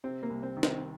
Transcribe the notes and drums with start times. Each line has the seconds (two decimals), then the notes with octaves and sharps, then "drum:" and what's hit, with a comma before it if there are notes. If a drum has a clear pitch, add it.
0.04 C3 C4
0.23 A#3
0.30 C2
0.43 C4
0.57 D#3
0.63 C4, drum: snare